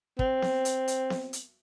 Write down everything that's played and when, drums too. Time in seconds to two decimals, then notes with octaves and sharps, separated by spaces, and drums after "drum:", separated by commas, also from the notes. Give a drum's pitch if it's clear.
0.19 C4, drum: kick
0.42 drum: snare B3
0.65 drum: hi-hat
0.88 drum: hi-hat
1.10 drum: snare B3
1.33 drum: hi-hat